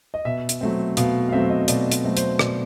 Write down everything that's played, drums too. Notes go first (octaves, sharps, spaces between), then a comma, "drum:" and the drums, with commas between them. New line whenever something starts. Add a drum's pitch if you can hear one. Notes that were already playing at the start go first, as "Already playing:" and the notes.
D#5
B2 E5
drum: hi-hat
F#3 A3 C4
B2 F5, drum: hi-hat
F5
F#3 A3 C4 E5
D#5
B2 D5, drum: hi-hat
D5, drum: hi-hat
F#3 A3 C4
C5, drum: hi-hat
B2 D5, drum: rim click